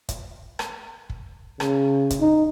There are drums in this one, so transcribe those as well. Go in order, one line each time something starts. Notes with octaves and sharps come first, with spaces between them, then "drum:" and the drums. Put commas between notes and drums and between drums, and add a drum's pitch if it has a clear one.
drum: kick, hi-hat
drum: rim click
drum: kick
C#3, drum: rim click
drum: kick, hi-hat
D#4